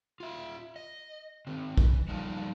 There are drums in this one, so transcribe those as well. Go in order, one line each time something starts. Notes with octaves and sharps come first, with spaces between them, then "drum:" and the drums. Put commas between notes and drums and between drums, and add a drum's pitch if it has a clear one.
F4 E5
D#5
D#3 C4
E3, drum: kick
F3 G3 D4 D#4 F4 A4